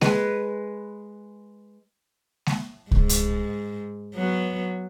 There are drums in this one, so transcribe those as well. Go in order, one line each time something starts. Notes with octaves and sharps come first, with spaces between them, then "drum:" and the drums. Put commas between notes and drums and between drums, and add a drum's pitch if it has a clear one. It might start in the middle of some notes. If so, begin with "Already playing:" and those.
G#3 B4, drum: snare G#3
drum: snare G#3
G#2, drum: kick C2
drum: hi-hat
F#3 B3